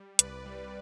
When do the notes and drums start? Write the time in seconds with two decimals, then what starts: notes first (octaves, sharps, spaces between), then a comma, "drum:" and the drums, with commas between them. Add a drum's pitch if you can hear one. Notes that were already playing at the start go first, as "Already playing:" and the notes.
Already playing: G3
0.19 C2 B4 D5, drum: hi-hat
0.46 G3